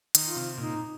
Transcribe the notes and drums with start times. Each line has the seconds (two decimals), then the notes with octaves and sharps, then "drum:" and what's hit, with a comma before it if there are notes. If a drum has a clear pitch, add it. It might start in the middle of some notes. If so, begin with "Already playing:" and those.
0.15 D#3, drum: hi-hat
0.25 F4
0.36 C3
0.58 A#2 D#4